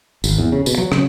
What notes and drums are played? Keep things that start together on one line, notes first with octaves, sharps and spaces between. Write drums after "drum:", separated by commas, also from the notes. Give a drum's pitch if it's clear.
G#1, drum: tambourine
E2
C#3
B2, drum: tambourine
F#3
C#3, drum: rim click